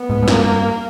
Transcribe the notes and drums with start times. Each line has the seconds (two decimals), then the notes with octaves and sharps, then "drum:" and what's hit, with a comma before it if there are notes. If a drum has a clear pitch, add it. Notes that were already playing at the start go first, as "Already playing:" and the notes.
Already playing: B3
0.10 G#2
0.23 G#2
0.28 G2 A#3, drum: snare